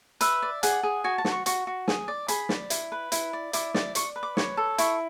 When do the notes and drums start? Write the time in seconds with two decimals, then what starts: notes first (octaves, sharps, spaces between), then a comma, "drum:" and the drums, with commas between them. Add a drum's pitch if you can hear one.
0.21 B4 E5, drum: hi-hat
0.42 D5
0.63 G#4 F#5, drum: hi-hat
0.83 G#4
1.04 F#4 G#5
1.18 A5
1.25 F#4, drum: snare
1.32 C#6
1.46 F#4 C#6, drum: hi-hat
1.67 F#4
1.88 G#4, drum: snare
2.08 D5
2.28 G#4 B5, drum: hi-hat
2.49 D5, drum: snare
2.70 E4, drum: hi-hat
2.92 B4
3.12 E4, drum: hi-hat
3.33 D5
3.53 E4 D6, drum: hi-hat
3.74 D5, drum: snare
3.95 D5 C#6, drum: hi-hat
4.16 B4
4.23 D6
4.37 C#5, drum: snare
4.57 A4
4.78 E4 C#6, drum: hi-hat